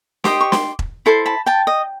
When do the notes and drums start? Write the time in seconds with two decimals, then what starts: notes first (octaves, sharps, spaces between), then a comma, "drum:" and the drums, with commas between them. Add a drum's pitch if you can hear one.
0.24 G4 C5 D#5 C6 D6, drum: snare
0.41 C#6
0.52 C6 D6, drum: snare
0.79 drum: kick E1
1.06 E4 A4 C5 C6
1.26 A5 B5
1.46 G5 A5
1.67 D#5